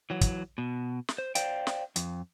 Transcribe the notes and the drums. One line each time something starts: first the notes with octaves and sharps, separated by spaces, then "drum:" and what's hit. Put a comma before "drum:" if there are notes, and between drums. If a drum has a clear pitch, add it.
E3 F#3
drum: kick, hi-hat
B2
drum: snare
C5
C5 D5 F5 G5, drum: hi-hat
drum: snare
F2, drum: hi-hat